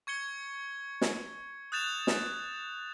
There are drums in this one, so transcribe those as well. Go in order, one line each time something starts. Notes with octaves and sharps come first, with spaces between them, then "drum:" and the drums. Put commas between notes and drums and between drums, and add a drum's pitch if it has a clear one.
C#6 G#6 C#7 G7
drum: snare
D#6 F#6 G6 A6 E7 F7
drum: snare